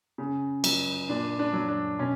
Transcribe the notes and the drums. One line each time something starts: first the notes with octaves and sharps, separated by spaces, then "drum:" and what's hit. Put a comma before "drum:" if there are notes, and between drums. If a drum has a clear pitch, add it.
C#3
F#3, drum: cymbal
A#2 D4
D4
F#3
D4
B2 C#4